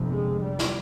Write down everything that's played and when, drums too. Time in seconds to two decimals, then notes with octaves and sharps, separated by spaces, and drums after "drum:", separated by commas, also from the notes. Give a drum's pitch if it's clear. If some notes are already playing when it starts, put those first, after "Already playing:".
Already playing: G1 F2 C3
0.10 G#3
0.40 G3
0.59 drum: snare